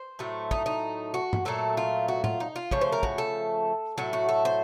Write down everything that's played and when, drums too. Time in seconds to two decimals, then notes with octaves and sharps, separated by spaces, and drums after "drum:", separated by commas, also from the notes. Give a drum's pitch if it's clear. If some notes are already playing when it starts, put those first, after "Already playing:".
Already playing: C5
0.19 A2 F#3 A3
0.51 D#4, drum: kick
0.66 D#4
1.14 F#4
1.33 drum: tom
1.45 A#2 F#3 A3 A4
1.77 F4
2.08 F#4
2.24 F4, drum: tom
2.40 D#4
2.56 F4
2.71 C#3 F3 A3 C#5, drum: kick
2.81 C5
2.92 A#4
3.03 F#4, drum: kick
3.18 A4
3.98 A2 F#3 A3 F#4
4.13 F#4
4.29 A4
4.45 C5